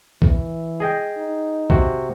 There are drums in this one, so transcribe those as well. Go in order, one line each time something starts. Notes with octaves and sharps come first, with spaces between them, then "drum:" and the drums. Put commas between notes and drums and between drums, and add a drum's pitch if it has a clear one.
E3, drum: kick B1
G#4 D#5 G5
D#4
C3 F#4, drum: kick B1